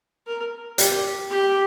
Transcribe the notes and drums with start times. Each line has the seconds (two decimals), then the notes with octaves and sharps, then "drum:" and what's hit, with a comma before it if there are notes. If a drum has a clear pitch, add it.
0.26 A#4
0.78 G4, drum: hi-hat
1.30 G4